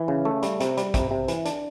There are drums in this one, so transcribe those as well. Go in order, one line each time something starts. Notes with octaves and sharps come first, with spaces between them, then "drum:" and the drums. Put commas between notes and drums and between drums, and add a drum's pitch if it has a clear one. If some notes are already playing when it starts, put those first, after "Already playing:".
Already playing: E3
C#3
A3
G3, drum: hi-hat
C3, drum: hi-hat
G3, drum: hi-hat
C3, drum: kick, hi-hat
C3
E3, drum: hi-hat
D4, drum: hi-hat